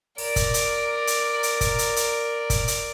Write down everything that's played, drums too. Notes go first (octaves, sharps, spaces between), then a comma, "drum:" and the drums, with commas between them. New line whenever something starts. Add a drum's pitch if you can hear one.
A#4 D5, drum: open hi-hat
drum: kick, hi-hat
drum: hi-hat
drum: hi-hat
drum: hi-hat
drum: kick, hi-hat
drum: hi-hat
drum: hi-hat
drum: kick, hi-hat
drum: hi-hat